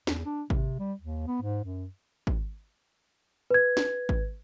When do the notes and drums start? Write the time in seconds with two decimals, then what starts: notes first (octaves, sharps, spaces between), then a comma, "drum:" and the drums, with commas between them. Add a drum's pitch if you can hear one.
0.07 E2, drum: snare
0.25 D4
0.50 C3, drum: kick G#1
0.79 G3
1.01 D#2
1.27 B3
1.42 G#2
1.64 F#2
2.27 drum: kick G#1
3.51 B4 G#6
3.77 drum: snare
4.09 drum: kick G#1